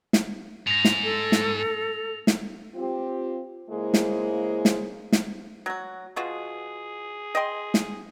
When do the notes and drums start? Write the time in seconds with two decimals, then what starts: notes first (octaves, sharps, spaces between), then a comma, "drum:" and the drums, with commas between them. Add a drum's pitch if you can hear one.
0.13 drum: snare
0.67 G#2 A#6 F7
0.85 drum: snare
1.04 A4
1.32 drum: snare
2.27 drum: snare
2.75 C4 F4 G4
3.70 C#3 G#3 A#3 E4 G#4 C5
3.94 drum: snare
4.65 drum: snare
5.12 drum: snare
5.66 F#3 F#4
6.16 B2 F4 F#4 G#4
7.35 D#5 G5 C6
7.74 drum: snare